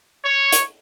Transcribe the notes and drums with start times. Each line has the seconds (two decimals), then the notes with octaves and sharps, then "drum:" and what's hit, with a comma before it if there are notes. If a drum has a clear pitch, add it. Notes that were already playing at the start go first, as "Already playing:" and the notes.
0.24 C#5
0.52 drum: hi-hat